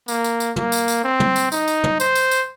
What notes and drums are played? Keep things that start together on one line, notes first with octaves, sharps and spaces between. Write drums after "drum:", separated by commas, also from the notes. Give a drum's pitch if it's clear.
A#3, drum: tambourine
drum: tambourine
drum: tambourine
A#3, drum: tom
drum: tambourine
drum: tambourine
C4
drum: tom
drum: tambourine
D#4, drum: tambourine
drum: tambourine
drum: tom
C5, drum: tambourine
drum: tambourine
drum: tambourine